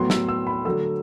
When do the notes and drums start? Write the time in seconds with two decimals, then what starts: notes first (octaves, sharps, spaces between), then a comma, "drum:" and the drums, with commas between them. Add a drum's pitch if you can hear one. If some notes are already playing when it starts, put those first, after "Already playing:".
Already playing: A2 F#3 B3 C6
0.10 E6, drum: snare
0.28 E6
0.47 B5
0.65 D3 F#3 A3 E6